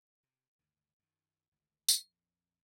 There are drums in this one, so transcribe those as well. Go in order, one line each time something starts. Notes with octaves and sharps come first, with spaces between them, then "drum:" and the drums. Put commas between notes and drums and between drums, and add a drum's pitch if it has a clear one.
C3
D2 G2 D#3
F#2 D#3
G#1 D2 G#2 D3
A#1 F2 D#3 C4, drum: tambourine